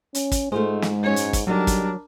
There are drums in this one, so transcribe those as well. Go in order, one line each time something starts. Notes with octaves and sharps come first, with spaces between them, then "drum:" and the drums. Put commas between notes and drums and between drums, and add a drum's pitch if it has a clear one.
C#4, drum: hi-hat
drum: kick, hi-hat
G#2 G#3 A3 F4 C5
drum: snare
F#2 C#4 D#4 C#5
drum: hi-hat
drum: kick, hi-hat
D3 F#3 G3 D4 D#4 A#4
drum: kick, hi-hat